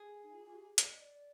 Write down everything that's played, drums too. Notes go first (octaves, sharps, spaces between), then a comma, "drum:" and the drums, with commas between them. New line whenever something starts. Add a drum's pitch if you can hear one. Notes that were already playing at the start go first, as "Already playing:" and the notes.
Already playing: G#4
D#4
F4
F4
G4
D5, drum: hi-hat
D#5
D5